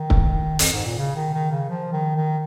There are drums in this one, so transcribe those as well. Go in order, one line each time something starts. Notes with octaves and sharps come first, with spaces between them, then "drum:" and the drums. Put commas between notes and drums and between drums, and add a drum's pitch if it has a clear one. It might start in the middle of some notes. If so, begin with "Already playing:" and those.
Already playing: D#3
drum: kick
F2, drum: hi-hat
G#2
A#2
C#3
D#3
D#3
C#3
F3
D#3
D#3